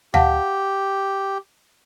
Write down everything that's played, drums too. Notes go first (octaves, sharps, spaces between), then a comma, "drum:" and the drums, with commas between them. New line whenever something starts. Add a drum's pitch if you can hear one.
G4 F5 F#5 A5, drum: tom D2